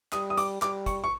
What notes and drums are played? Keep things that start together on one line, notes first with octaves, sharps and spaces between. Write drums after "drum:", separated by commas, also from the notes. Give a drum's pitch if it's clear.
G3 D#6, drum: clap
D#6
D6, drum: hi-hat
G3 D6, drum: clap
C#6, drum: kick, hi-hat
C#6